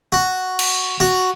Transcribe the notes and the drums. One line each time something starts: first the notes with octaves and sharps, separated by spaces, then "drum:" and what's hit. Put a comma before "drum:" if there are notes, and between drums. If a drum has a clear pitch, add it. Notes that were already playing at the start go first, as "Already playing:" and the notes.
F#4
drum: cymbal
F#4